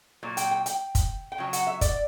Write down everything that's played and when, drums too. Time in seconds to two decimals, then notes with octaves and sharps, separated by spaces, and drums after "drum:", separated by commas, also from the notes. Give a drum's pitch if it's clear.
0.23 A#2 F#3
0.37 G5, drum: hi-hat
0.51 G5
0.66 G5, drum: hi-hat
0.95 drum: kick, hi-hat
1.32 G5
1.38 C#3 F#3
1.53 F#5, drum: hi-hat
1.67 E5
1.81 D5, drum: kick, hi-hat